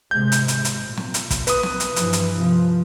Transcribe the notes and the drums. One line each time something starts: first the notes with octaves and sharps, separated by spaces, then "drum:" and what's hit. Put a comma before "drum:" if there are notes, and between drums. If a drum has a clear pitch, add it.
G#1 C3 G#3 G6
drum: hi-hat
drum: hi-hat
drum: hi-hat
A#2
drum: snare
drum: hi-hat
drum: kick, hi-hat
B4 D#6, drum: hi-hat
drum: snare
drum: hi-hat
G2 E3 F3, drum: hi-hat
drum: hi-hat
C3 F3